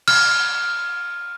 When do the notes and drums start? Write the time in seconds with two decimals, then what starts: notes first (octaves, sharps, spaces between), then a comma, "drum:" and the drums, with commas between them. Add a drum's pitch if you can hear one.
0.08 F6, drum: cymbal